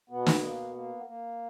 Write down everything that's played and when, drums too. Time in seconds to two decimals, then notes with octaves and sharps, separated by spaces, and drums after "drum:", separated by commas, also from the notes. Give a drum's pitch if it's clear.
0.10 B2 B3
0.26 drum: snare
0.43 A#3
0.74 A#3
1.06 A#3